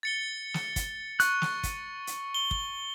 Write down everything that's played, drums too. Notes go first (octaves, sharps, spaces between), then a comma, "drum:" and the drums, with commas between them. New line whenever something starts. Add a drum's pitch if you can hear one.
A6 C#7 G7
drum: snare
drum: kick, hi-hat
C#6 F#6, drum: hi-hat
drum: snare
drum: kick, hi-hat
drum: hi-hat
G7
drum: kick